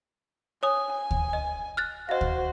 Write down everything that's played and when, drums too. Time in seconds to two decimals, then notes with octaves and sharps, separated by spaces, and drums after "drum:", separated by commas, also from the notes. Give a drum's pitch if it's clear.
0.63 C#5 G#5 D#6
0.92 G#5
1.11 drum: kick D2
1.33 D#5
1.77 F6 F#6 A6
2.09 F#4 C5 D#5 F5
2.21 drum: kick D2